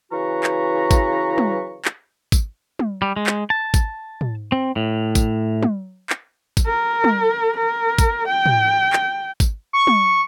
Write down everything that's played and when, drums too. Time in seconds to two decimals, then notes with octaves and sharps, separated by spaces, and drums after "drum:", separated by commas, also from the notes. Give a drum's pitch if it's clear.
0.12 C#3 E3 F#4 B4 A#5 C#6
0.43 drum: clap
0.91 drum: kick G#1, tambourine
1.38 drum: tom
1.85 drum: clap
2.32 drum: kick G#1, tambourine
2.79 drum: tom
3.02 G3
3.16 G#3
3.27 drum: clap
3.50 A5
3.74 drum: kick G#1, tambourine
4.21 drum: tom
4.52 C4
4.76 A2
5.15 drum: kick G#1, tambourine
5.63 drum: tom
6.10 drum: clap
6.57 drum: kick G#1, tambourine
6.66 A#4
7.04 drum: tom
7.57 A#4
7.98 drum: kick G#1, tambourine
8.28 G5
8.46 drum: tom
8.93 drum: clap
9.40 drum: kick G#1, tambourine
9.73 C#6
9.87 drum: tom